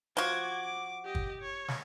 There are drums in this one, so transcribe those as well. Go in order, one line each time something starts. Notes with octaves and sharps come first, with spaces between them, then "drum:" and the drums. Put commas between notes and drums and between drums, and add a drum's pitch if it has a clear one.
F3 F#4 D6 G#6
D6
G4 D#5
drum: kick
C#5
drum: snare